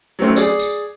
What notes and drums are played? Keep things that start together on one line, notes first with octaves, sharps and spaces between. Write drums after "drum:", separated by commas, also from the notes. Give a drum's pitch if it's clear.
F#3 A3 C4 C#4
G#4 D5, drum: tambourine
drum: tambourine